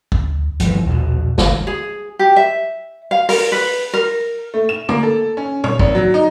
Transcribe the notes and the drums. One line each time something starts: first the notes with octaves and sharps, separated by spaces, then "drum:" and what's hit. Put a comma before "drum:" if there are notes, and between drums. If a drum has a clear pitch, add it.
D2, drum: kick
G1 E3 F3, drum: hi-hat
A#1 D#2 B2
G1 D2 A2 E3, drum: snare
G#4
G4
E5
F5
A#4, drum: open hi-hat
B4
A#4
A3
E7
A#3, drum: tom
A4
C#4
C#5, drum: tom A#2
G#1, drum: kick
F#3
D#4